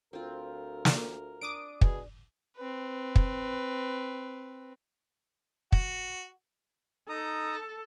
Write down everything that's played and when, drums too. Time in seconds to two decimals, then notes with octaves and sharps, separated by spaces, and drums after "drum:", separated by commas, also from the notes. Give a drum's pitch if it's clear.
0.13 D2 C4 F4 A#4
0.85 drum: snare
1.41 D4 D6 D#6 D7
1.81 B2 G#4, drum: kick
2.57 C4 B4
3.16 drum: kick
5.72 F#4, drum: kick
7.09 D#4 A4 A#5 D#6